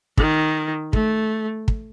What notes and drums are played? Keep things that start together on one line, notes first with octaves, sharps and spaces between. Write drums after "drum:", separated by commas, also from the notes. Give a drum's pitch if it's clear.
D#3, drum: kick
A3, drum: kick
drum: kick